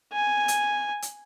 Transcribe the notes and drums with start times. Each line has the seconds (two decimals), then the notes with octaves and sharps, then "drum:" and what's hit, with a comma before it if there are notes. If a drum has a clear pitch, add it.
0.13 G#5
0.48 drum: hi-hat
1.02 drum: hi-hat